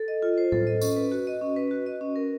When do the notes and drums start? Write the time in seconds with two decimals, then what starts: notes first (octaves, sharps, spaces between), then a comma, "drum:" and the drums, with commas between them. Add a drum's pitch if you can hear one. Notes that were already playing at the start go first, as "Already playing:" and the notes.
Already playing: A4
0.08 D#5
0.22 F4
0.38 C5
0.52 A4, drum: tom A2
0.67 D#5
0.82 C#4, drum: tambourine
0.96 B4
1.12 F#4
1.27 D#5
1.41 C#4
1.56 B4
1.71 F#4
1.86 D#5
2.01 C#4
2.16 A#4